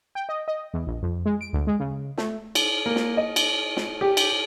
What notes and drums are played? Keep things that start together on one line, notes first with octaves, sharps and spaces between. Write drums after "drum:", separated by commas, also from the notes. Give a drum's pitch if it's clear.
G5
D#5
D#5
E2
A#1
F2
G#3
D7
D2
G#3
C#3
A3, drum: snare
drum: cymbal
A#3
drum: snare
D#5
drum: cymbal
drum: snare
G4
drum: cymbal